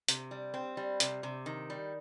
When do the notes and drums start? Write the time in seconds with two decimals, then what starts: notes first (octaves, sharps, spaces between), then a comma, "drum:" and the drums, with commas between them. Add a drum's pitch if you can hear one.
0.08 C3, drum: hi-hat
0.31 G3
0.54 C4
0.77 G3
1.00 C3, drum: hi-hat
1.23 C3
1.46 D#3
1.70 G3